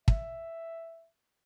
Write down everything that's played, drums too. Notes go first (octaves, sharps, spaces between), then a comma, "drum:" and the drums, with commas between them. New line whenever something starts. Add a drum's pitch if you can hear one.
E5, drum: kick